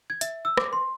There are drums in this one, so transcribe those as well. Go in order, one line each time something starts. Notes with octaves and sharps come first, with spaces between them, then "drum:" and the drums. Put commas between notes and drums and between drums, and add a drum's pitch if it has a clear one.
G#6
E5, drum: hi-hat
E6
D6, drum: rim click
C6